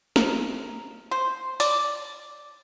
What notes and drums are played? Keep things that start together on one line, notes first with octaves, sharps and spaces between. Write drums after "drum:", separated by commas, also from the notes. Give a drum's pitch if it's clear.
A#4, drum: snare
C5
D5, drum: open hi-hat